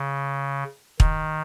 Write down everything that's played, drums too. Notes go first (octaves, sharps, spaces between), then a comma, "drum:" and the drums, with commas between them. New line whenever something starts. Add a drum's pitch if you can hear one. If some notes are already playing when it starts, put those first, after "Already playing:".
Already playing: C#3
D#3, drum: kick